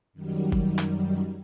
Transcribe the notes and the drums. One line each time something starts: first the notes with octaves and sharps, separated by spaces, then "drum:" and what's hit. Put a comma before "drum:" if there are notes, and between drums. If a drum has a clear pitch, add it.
F#2 D#3 F#3 G3
drum: kick G1
drum: clap